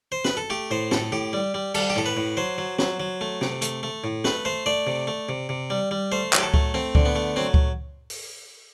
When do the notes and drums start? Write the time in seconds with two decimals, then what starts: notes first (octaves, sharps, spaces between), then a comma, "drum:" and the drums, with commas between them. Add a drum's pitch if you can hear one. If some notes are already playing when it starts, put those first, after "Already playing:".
0.12 C5
0.25 B4, drum: snare
0.37 A4
0.50 A3 G4
0.71 A2 C5
0.91 A2 A4, drum: snare
1.12 A2 G4
1.33 G3
1.54 G3
1.75 G3 A4, drum: cymbal
1.90 G4
1.96 A2 A4
2.06 B4
2.17 A2
2.37 F#3 C5
2.58 F#3
2.79 F#3, drum: snare
3.00 F#3
3.21 A3
3.41 C3, drum: snare
3.62 A3, drum: hi-hat
3.83 A3
4.04 A2
4.24 A3 B4, drum: snare
4.45 A3 C5
4.66 A3 D5
4.87 C3
5.07 A3
5.29 C3
5.49 C3
5.70 G3
5.91 G3
6.12 A3 C5
6.33 F#3, drum: clap
6.38 G4
6.43 A4
6.54 A3, drum: kick C#2
6.74 A3 C4
6.95 D3, drum: kick C#2
7.05 B3
7.16 A3
7.36 F#3 C4
7.54 drum: kick C#2
8.10 drum: open hi-hat